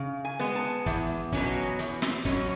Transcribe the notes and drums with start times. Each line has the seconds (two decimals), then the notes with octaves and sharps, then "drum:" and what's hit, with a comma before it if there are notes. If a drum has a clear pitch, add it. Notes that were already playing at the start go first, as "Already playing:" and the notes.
Already playing: C#3
0.25 G#5
0.39 G#3 B3
0.55 A5
0.86 E2, drum: kick, hi-hat
1.32 B2 F#3 C#4, drum: kick, hi-hat
1.79 E2, drum: hi-hat
2.02 drum: snare
2.25 B2 F#3 C#4, drum: kick, hi-hat